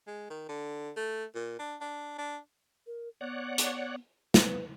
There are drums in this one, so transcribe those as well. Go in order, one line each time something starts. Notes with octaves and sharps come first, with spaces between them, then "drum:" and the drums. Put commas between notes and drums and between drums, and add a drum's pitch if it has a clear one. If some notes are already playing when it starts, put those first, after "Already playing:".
G#3
D#3
D3
A3
A#2
D4
D4
D4
A#4
B3 C#5 D5 F#5
drum: hi-hat
B3 B4, drum: snare